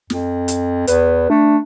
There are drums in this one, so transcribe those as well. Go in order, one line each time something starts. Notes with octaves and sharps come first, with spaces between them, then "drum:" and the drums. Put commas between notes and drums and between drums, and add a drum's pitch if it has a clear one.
F2, drum: snare
drum: hi-hat
E2 B4, drum: hi-hat
A3 D4